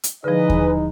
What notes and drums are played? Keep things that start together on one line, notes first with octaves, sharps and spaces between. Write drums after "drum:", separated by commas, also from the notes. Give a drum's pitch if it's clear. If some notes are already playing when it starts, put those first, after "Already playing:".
drum: hi-hat
D3 E3 F3 G#3 D#4 G#4 B4 D#5
drum: kick D#2